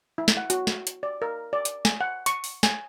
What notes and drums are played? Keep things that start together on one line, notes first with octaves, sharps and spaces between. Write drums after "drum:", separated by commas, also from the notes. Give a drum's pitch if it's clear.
E4
drum: snare
F#5
F#4, drum: hi-hat
drum: snare
drum: hi-hat
D5
A#4
D5
drum: hi-hat
G#5, drum: snare
F#5
C#6, drum: hi-hat
drum: open hi-hat
G#5, drum: snare